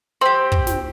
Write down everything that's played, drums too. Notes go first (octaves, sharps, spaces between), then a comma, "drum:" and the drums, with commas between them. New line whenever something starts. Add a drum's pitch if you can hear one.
C4 G4 C6
drum: kick
drum: snare